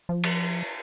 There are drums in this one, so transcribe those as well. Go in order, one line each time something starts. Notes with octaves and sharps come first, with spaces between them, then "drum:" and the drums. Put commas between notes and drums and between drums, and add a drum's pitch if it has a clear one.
F3
drum: cymbal